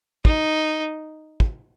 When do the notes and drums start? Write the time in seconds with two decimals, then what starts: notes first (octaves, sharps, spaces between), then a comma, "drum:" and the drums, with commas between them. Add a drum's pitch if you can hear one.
0.25 D#4, drum: kick
1.40 drum: kick